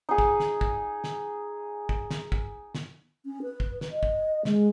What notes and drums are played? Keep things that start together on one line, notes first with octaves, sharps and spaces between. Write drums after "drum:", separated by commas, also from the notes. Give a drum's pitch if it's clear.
D#4 G#4
drum: kick
drum: snare
drum: kick
drum: snare
drum: kick
drum: snare
drum: kick
drum: snare
C#4
B4
drum: kick
drum: snare
D#5
drum: kick
G#3, drum: snare